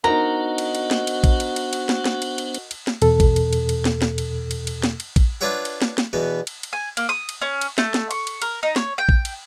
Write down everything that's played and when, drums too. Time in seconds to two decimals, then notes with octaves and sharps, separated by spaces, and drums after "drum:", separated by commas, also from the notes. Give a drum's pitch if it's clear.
0.04 B3 D4 D#4 F#4 A#4 C5 A#5
0.58 drum: cymbal
0.75 drum: cymbal
0.91 drum: snare
1.07 drum: cymbal
1.24 drum: kick A#1, cymbal
1.40 drum: cymbal
1.56 drum: cymbal
1.73 drum: cymbal
1.89 drum: snare
2.05 drum: snare
2.22 drum: cymbal
2.38 drum: cymbal
2.54 drum: cymbal
2.71 drum: cymbal
2.87 drum: snare
3.02 E2 B2 A4, drum: cymbal
3.20 drum: kick A#1, cymbal
3.36 drum: cymbal
3.53 drum: cymbal
3.69 drum: cymbal
3.85 drum: snare
4.02 drum: snare
4.18 drum: cymbal
4.51 drum: cymbal
4.67 drum: cymbal
4.83 drum: snare
5.00 drum: cymbal
5.16 drum: kick A#1, cymbal
5.41 D4 F4 B4 C#5 E5 F#5
5.65 drum: cymbal
5.82 drum: snare
5.98 drum: snare
6.13 E2 B2 B3
6.47 drum: cymbal
6.63 drum: cymbal
6.73 G#5
6.97 A#3, drum: cymbal
7.09 D#6
7.29 drum: cymbal
7.41 C#4
7.61 drum: cymbal
7.78 A3, drum: snare
7.94 drum: snare
8.11 C#6, drum: cymbal
8.27 drum: cymbal
8.42 A#4, drum: cymbal
8.63 D#4
8.76 C#5, drum: snare
8.98 G5
9.09 drum: kick A#1
9.25 drum: cymbal